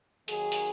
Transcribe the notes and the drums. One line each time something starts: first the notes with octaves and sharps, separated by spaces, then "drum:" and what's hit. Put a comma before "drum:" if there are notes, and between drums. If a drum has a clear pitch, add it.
D#2 D#3 F#3 G#4, drum: open hi-hat
drum: open hi-hat